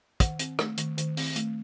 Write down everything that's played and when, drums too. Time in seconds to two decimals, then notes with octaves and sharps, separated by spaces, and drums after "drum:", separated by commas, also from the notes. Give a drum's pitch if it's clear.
0.20 D#3 F#5, drum: kick, hi-hat
0.39 C4, drum: hi-hat
0.59 A3, drum: rim click
0.77 D#3, drum: hi-hat
0.98 D#3, drum: hi-hat
1.17 C4, drum: open hi-hat
1.36 A3, drum: hi-hat